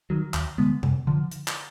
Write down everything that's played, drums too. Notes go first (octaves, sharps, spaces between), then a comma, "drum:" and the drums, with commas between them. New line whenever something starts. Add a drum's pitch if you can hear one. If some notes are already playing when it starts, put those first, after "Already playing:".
D#3 F#3
D#2, drum: clap
D3 G#3 B3
F#2, drum: tom C3
D3 F3
drum: hi-hat
drum: clap